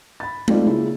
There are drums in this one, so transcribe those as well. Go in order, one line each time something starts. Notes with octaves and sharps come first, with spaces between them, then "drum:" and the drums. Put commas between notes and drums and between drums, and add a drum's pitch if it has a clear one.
B5 A6
A3 C4 D#4 F4 D5, drum: tom G#3
C#3 A#3 E4 F4 G#4